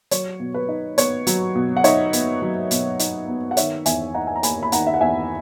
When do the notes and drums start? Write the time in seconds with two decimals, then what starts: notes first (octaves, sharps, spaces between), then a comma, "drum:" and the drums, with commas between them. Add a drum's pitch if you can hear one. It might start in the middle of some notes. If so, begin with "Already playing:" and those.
0.11 F#3 C#5, drum: hi-hat
0.40 B2
0.54 B4
0.69 D#4
0.98 B3 C#5, drum: hi-hat
1.27 F#3, drum: hi-hat
1.55 B2
1.77 F#5
1.84 D#4 C#5 E5, drum: hi-hat
2.13 B3, drum: hi-hat
2.42 F#3
2.71 B2, drum: hi-hat
2.99 D#4, drum: hi-hat
3.28 B3
3.51 F#5
3.57 D#3 C#5 E5, drum: hi-hat
3.86 E2 E5 G#5, drum: hi-hat
4.14 D#4 F#5 A#5
4.27 G#5
4.36 A#5
4.43 A#3 G#5 B5, drum: hi-hat
4.63 B5
4.72 D#3 F#5 A#5, drum: hi-hat
4.87 E5
4.94 F#5
5.01 E2 E5 G#5